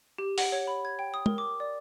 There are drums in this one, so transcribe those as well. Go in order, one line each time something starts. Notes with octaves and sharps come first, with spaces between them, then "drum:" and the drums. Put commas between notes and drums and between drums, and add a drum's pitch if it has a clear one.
G4
F#5, drum: open hi-hat
C#5
B5
G#6
G5
D#6
A#4, drum: tom
D6
D5